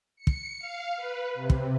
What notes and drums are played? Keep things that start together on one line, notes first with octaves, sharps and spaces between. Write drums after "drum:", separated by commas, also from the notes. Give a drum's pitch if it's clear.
C#7
drum: kick
F5
B4
C3
drum: kick